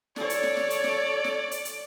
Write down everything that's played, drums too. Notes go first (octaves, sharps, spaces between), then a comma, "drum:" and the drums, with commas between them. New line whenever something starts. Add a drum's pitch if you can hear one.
A4 C#5 D5, drum: snare
drum: hi-hat
drum: snare
drum: snare
drum: hi-hat
drum: snare
drum: snare
drum: hi-hat
drum: hi-hat